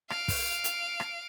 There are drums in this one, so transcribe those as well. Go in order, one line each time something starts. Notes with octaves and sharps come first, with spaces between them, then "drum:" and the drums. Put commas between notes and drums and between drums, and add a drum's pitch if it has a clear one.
F5 D7, drum: rim click
drum: kick, open hi-hat
drum: hi-hat
drum: rim click